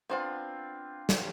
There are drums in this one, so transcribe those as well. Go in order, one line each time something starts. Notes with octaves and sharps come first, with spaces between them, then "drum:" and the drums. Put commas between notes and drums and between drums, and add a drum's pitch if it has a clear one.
B3 C4 D4 F4 C5 F#5
drum: snare